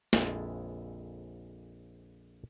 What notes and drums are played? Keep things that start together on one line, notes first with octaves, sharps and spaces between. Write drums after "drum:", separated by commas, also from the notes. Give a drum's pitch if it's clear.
A#1 F2 G#3 E4 A4 A5, drum: snare